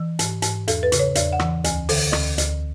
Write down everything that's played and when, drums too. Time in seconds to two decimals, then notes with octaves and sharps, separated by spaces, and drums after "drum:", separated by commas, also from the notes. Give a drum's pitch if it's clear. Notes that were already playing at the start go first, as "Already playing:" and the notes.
Already playing: E3
0.19 G#2, drum: hi-hat
0.42 G#2, drum: hi-hat
0.68 E2 A4, drum: hi-hat
0.83 B4
0.92 C#3, drum: hi-hat
0.99 C#5
1.15 E2 D5, drum: hi-hat
1.33 F#5
1.39 E3, drum: rim click
1.64 D2 G#5, drum: hi-hat
1.89 D3 A4, drum: open hi-hat
2.13 D2, drum: rim click
2.38 D2, drum: hi-hat